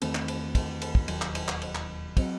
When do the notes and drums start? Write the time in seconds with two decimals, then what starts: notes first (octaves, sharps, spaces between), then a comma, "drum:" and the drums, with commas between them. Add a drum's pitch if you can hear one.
0.02 E2 D#3 A3 C4, drum: cymbal
0.15 drum: clap
0.28 drum: cymbal
0.55 drum: kick, cymbal
0.82 drum: cymbal
0.95 drum: kick
1.08 E1 D#2 D#3 F#3, drum: cymbal
1.22 drum: clap
1.35 drum: cymbal
1.48 drum: clap
1.62 drum: cymbal
1.75 drum: clap
2.17 F#3 C4, drum: kick, cymbal